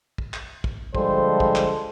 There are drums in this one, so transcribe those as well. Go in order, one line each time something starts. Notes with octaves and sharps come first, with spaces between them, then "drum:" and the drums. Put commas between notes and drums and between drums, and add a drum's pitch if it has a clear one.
drum: kick
drum: clap
drum: kick
D3 F3 G3 G#3 A4 C5, drum: kick
drum: kick
drum: clap